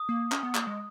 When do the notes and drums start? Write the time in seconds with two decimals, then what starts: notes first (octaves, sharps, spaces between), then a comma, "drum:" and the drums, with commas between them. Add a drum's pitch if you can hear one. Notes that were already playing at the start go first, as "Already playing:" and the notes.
Already playing: D#6
0.09 A#3
0.32 C#4, drum: clap
0.43 B3
0.55 A#3, drum: clap
0.67 G#3